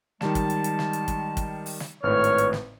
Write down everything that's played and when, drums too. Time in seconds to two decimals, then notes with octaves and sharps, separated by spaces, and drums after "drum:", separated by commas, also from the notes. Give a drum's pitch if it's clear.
0.21 D#3 G3 G#3 A5 E7, drum: snare
0.35 drum: kick, hi-hat
0.50 drum: hi-hat
0.64 drum: hi-hat
0.79 drum: snare
0.93 drum: hi-hat
1.08 drum: kick, hi-hat
1.37 drum: kick, hi-hat
1.66 drum: open hi-hat
1.80 drum: snare
2.03 G#1 A2 B4 C#5 F6
2.24 drum: hi-hat
2.38 drum: hi-hat
2.53 drum: snare